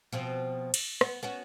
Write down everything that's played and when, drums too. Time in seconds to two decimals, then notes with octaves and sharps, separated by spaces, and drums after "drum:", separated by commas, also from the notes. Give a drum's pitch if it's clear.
0.13 B2 F3 C4
0.74 drum: cymbal
1.01 B3, drum: rim click
1.23 B3 C#4 F#4